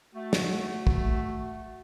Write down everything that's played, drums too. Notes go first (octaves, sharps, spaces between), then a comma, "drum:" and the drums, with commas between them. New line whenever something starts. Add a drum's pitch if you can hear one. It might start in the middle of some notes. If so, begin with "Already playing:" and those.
A3 F#4
drum: snare
drum: kick